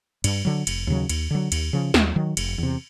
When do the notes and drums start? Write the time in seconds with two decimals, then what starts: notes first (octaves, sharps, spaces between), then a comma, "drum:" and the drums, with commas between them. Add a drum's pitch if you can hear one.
0.24 G2, drum: cymbal
0.45 D3 F#3
0.67 F1, drum: cymbal
0.87 D#2 C#3 F#3
1.09 D#2, drum: cymbal
1.31 D3 F#3
1.52 D#2, drum: cymbal
1.73 C#3 F3
1.94 D#2, drum: snare
2.16 D#3 F#3
2.37 F1, drum: cymbal
2.58 E2 C3